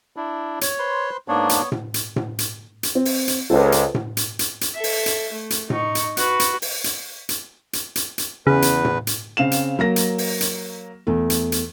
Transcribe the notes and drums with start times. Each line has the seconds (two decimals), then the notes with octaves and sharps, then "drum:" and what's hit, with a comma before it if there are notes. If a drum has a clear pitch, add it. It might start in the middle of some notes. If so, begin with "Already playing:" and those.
0.16 D4 E4
0.61 C#5, drum: hi-hat
0.79 B4 C5 C6
1.28 G#2 A#3 B3 D4 C#5
1.49 drum: hi-hat
1.72 drum: tom A2
1.94 drum: hi-hat
2.16 drum: tom A2
2.39 drum: hi-hat
2.83 drum: hi-hat
2.95 C4
3.05 drum: open hi-hat
3.28 drum: hi-hat
3.50 C#2 A4 B4 C5
3.72 drum: hi-hat
3.94 drum: tom A2
4.17 drum: hi-hat
4.39 drum: hi-hat
4.61 drum: hi-hat
4.74 A4 E5
4.84 drum: open hi-hat
5.06 drum: hi-hat
5.32 A3
5.50 drum: hi-hat
5.70 D#4 C#6, drum: tom A2
5.95 drum: hi-hat
6.17 F#4 B4, drum: hi-hat
6.40 drum: hi-hat
6.62 drum: open hi-hat
6.84 drum: hi-hat
7.29 drum: hi-hat
7.73 drum: hi-hat
7.96 drum: hi-hat
8.18 drum: hi-hat
8.47 E2 C#3 B4
8.62 drum: hi-hat
8.85 drum: tom A2
9.07 drum: hi-hat
9.37 C#3 C4 F5 E7
9.51 drum: hi-hat
9.79 F#3 A#3 A#6
9.96 drum: hi-hat
10.18 drum: open hi-hat
10.41 drum: hi-hat
11.07 E2 A3
11.30 drum: hi-hat
11.52 drum: hi-hat